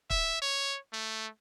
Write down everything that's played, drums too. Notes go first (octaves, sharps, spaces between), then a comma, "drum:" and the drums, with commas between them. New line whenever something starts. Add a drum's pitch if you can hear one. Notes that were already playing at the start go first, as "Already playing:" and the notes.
E5, drum: kick
C#5
A3